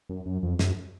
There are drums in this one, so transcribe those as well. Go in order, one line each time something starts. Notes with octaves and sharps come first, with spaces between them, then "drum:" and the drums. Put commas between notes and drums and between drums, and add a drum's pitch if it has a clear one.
F#2
F#2
F2
F#2, drum: snare